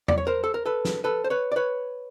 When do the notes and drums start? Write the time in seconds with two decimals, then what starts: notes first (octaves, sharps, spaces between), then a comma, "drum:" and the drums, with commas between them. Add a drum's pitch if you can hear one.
0.08 D5, drum: tom E2
0.18 C#5
0.27 A#4 C5
0.44 A4
0.54 A#4
0.66 A4 B4
0.85 drum: snare
1.04 A4 B4
1.24 C5
1.30 B4 C#5
1.52 D5
1.56 B4 C#5